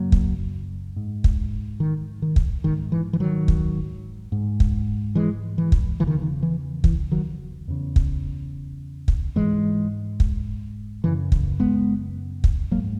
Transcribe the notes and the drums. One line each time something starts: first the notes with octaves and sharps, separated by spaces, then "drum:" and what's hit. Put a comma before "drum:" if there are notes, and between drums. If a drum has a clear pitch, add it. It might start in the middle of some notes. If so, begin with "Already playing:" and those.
Already playing: F#2 C#3 F#3 A#3
drum: kick
G#2
drum: kick
D#3
D#3
drum: kick
G#2 D#3
E3
E3
D#3 F#3
drum: kick
G#2
drum: kick
E3 G#3
E3
drum: kick
E2 C#3 E3
D#3
D#3
E3
E3, drum: kick
D#3 F#3
E2 C#3
drum: kick
drum: kick
G#2 E3 G#3
drum: kick
F#2 C#3 E3
drum: kick
G#3 B3
drum: kick
G#2 F#3 A#3